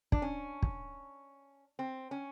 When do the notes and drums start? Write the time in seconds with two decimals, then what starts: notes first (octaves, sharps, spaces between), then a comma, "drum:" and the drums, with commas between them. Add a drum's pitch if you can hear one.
0.12 D4, drum: kick
0.22 C#4
0.63 drum: kick
1.79 C4
2.11 C#4